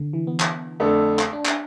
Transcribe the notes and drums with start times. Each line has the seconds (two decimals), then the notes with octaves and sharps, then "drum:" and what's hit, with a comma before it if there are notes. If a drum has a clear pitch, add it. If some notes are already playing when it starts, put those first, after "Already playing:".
Already playing: D3
0.13 E3
0.27 B3
0.40 drum: clap
0.80 F2 D3 A3 D4 A4
1.19 drum: clap
1.33 D4
1.46 drum: clap